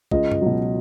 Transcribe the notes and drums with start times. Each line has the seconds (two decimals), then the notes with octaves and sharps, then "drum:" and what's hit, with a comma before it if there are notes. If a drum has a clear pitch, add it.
0.11 C#2 D#5, drum: kick
0.32 drum: tom F#2
0.42 B2 F#3